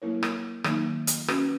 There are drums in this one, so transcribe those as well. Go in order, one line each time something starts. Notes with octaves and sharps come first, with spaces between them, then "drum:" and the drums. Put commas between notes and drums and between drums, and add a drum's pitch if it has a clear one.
F#3 A#3 E4 A#4 C#5
drum: rim click
D#3 F#3 A#3 D#4, drum: rim click
drum: hi-hat
C#4 F#4 B4, drum: rim click